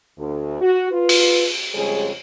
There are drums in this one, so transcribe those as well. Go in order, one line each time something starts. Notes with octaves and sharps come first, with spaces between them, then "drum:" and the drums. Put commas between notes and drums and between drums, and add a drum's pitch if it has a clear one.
D2
F#4
F4 B4
drum: open hi-hat
F2 C#3 G3 G#3 G#4 C#5